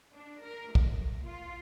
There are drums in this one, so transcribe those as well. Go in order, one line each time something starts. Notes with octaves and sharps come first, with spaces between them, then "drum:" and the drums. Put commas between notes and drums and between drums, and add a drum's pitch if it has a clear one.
D4
A#4
A3, drum: kick
F4